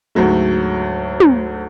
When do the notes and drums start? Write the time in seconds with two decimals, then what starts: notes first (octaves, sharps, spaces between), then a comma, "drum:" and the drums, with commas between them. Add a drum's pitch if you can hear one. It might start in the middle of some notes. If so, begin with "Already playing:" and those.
0.15 D2 G#2 F#3 A3
1.20 drum: tom